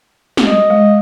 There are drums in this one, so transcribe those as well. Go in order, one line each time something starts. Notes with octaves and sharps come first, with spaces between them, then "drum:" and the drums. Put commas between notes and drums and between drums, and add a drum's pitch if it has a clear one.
drum: snare
D#5
G#3